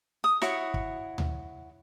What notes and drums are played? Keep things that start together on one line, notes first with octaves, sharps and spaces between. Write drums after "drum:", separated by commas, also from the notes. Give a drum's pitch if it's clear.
D#6
E4 F#4 C#5, drum: snare
drum: kick
drum: tom D2